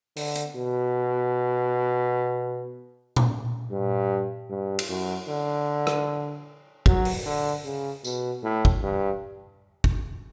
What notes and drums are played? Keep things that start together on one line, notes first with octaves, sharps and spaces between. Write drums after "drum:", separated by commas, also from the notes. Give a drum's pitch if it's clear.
D3, drum: open hi-hat
drum: hi-hat
B2
drum: tom A#2
G2
G2
drum: cymbal
F#2
D3
drum: rim click
F#3, drum: kick
drum: open hi-hat
D3
C#3
B2, drum: tambourine
A2
drum: kick
G2
drum: kick